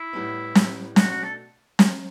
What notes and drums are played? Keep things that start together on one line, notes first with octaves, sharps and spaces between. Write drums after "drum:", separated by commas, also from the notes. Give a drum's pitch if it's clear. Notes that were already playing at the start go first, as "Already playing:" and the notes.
Already playing: E4
A2 G3 B3
A2 G3 B3, drum: snare
B2 A3 D4 F#4, drum: snare
F#4
A4
drum: snare